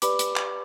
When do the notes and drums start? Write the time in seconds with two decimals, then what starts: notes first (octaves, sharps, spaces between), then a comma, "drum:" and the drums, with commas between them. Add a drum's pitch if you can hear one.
0.02 G4 B4 D5 B5 D6, drum: hi-hat
0.19 drum: hi-hat
0.36 drum: clap